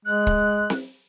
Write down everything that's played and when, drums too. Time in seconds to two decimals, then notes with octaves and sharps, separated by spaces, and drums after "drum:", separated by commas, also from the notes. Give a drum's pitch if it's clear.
0.05 G#3 F#6
0.27 drum: kick
0.70 drum: snare C4